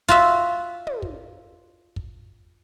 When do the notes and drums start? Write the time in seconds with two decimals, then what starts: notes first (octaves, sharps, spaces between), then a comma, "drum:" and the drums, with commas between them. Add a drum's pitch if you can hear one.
0.08 F4 F#4 E5, drum: kick
0.87 drum: tom
1.02 drum: kick
1.96 drum: kick